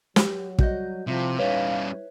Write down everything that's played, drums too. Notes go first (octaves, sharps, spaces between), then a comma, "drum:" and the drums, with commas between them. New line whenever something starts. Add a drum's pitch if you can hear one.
F#3 G4, drum: snare
G3 F#4 D#5 G6, drum: kick
A2 C3 F3 E4
G3 C#4 D#4 B4 C#5 E5 F5